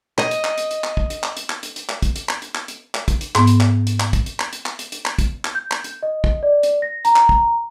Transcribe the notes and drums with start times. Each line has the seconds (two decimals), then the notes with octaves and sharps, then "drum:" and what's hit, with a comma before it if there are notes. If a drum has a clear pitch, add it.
0.18 D#5, drum: clap
0.31 drum: hi-hat
0.44 drum: clap
0.58 drum: hi-hat
0.71 drum: hi-hat
0.84 drum: clap
0.97 drum: kick
1.10 drum: hi-hat
1.23 drum: clap
1.37 drum: hi-hat
1.50 drum: clap
1.63 drum: hi-hat
1.76 drum: hi-hat
1.89 drum: clap
2.02 drum: kick, hi-hat
2.16 drum: hi-hat
2.29 drum: clap
2.42 drum: hi-hat
2.55 drum: clap
2.68 drum: hi-hat
2.95 drum: clap
3.08 drum: kick, hi-hat
3.21 drum: hi-hat
3.35 G#2 B3, drum: clap
3.47 drum: hi-hat
3.60 drum: clap
3.87 drum: hi-hat
4.00 drum: clap
4.13 drum: kick, hi-hat
4.26 drum: hi-hat
4.39 drum: clap
4.53 drum: hi-hat
4.66 drum: clap
4.79 drum: hi-hat
4.92 drum: hi-hat
5.05 drum: clap
5.18 drum: kick, hi-hat
5.45 drum: clap
5.55 G6
5.71 drum: clap
5.84 drum: hi-hat
6.03 D#5
6.24 drum: kick
6.43 D5
6.63 drum: hi-hat
6.82 A#6
7.05 A#5, drum: hi-hat
7.16 drum: clap
7.29 drum: kick